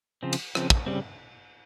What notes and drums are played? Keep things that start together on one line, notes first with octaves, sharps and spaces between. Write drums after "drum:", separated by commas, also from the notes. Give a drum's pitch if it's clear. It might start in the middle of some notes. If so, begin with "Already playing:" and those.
C#3 F3 C4
drum: cymbal
C#3 F3 C4, drum: rim click
drum: kick
C#3 G3 C4